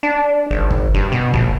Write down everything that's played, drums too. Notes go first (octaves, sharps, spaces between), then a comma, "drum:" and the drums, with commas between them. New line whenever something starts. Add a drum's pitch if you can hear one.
D4
G#1
drum: kick
G2
B2
A#1, drum: kick